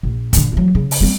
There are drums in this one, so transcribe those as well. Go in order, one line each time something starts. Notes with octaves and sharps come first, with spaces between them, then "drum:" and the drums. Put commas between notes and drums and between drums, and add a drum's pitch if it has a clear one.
A#1
A#2 D3, drum: kick, hi-hat
E3 F#3
C#3
drum: open hi-hat
G3 C4